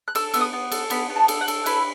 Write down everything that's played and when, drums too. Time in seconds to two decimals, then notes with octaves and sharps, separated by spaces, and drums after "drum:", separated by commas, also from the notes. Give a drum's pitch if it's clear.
0.08 F#6
0.15 A4 E6, drum: cymbal
0.34 B3 E6, drum: cymbal
0.41 D#6
0.53 B3
0.72 A4, drum: cymbal
0.90 B3 B5, drum: cymbal
1.10 B3
1.16 A5
1.28 A4, drum: cymbal
1.41 F#5
1.48 A4, drum: cymbal
1.66 E4 B4, drum: cymbal